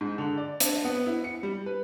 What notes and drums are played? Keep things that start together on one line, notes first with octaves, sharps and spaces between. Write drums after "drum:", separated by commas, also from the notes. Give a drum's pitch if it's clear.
G#2
D3
D5
D4, drum: hi-hat
B3
E4
C#7
G3
B4